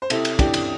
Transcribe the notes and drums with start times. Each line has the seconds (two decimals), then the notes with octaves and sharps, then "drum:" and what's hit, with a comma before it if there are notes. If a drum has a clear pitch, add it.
0.02 C5
0.10 C3 E4 A4, drum: cymbal
0.25 drum: cymbal
0.39 E3 D4 G4, drum: kick, cymbal
0.54 drum: cymbal